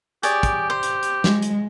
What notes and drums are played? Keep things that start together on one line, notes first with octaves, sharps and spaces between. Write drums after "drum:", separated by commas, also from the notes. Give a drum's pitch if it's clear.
G4 G#4 C#5 D5, drum: hi-hat
drum: kick, hi-hat
C5
drum: hi-hat
drum: hi-hat
G#3, drum: snare
drum: hi-hat